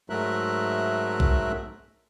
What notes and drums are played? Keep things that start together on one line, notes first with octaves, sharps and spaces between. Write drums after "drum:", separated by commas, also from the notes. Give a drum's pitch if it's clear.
G#2 F#3 A3 A#4 E5 F#6
drum: kick B1